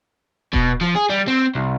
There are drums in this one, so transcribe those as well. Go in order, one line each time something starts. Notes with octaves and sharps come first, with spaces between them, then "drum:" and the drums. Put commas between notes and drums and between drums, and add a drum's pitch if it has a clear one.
B2, drum: kick D#1
F3
G#4
G3
C4
C2